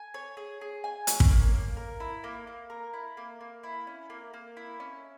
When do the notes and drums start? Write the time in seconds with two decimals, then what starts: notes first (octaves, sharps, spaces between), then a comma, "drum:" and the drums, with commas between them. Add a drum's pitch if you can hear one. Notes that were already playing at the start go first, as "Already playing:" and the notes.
Already playing: G#5
0.14 C#5
0.37 G#4
0.61 G#4
0.84 G#5
1.07 C#5, drum: hi-hat
1.20 drum: kick
1.31 A#3
1.54 A#3
1.77 A#4
2.00 E4
2.24 A#3
2.47 A#3
2.70 A#4
2.93 E4
3.17 A#3
3.41 A#3
3.63 E4
3.87 C#4
4.10 A#3
4.34 A#3
4.57 E4
4.80 C#4